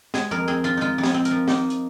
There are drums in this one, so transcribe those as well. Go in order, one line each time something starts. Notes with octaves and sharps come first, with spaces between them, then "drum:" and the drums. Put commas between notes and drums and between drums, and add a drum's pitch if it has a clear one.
G#3 G#4, drum: snare
F2 A#4
C4 G#4
F3 F4
G#3 D#4 F4
F2
G#4, drum: snare
C4
A#4, drum: hi-hat
F3
A#3 D#4, drum: snare
drum: hi-hat